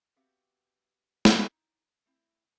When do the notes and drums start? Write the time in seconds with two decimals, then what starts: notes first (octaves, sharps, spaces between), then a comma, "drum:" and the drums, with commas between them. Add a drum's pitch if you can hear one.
0.16 B3 C4 F#4 G4 E5 F5
1.25 drum: snare
1.47 D#4 E4
2.06 A3 C4 E4